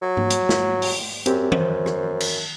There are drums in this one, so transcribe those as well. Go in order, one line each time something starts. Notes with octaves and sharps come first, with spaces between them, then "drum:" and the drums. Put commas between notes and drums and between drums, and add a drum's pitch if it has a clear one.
F#3
drum: tom
drum: hi-hat
drum: snare
drum: open hi-hat
F#2 C4 G4, drum: hi-hat
C5, drum: tom
drum: rim click
drum: cymbal